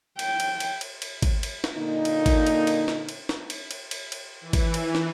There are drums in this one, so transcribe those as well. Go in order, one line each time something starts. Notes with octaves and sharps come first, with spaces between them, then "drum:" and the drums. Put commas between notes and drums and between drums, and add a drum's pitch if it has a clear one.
G5, drum: cymbal
drum: cymbal
drum: cymbal
drum: cymbal
drum: cymbal
drum: kick, cymbal
drum: cymbal
drum: snare
A#2 D3 A#3 D#4
drum: cymbal
drum: kick, cymbal
drum: cymbal
drum: cymbal
drum: snare
drum: cymbal
drum: snare
drum: cymbal
drum: cymbal
drum: cymbal
drum: cymbal
E3
drum: kick, cymbal
drum: cymbal
drum: snare